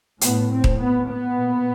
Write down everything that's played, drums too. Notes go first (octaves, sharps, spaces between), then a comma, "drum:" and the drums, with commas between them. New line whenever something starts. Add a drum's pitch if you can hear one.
A2 B3, drum: hi-hat
C4
drum: kick D#1
B3
B3
A#2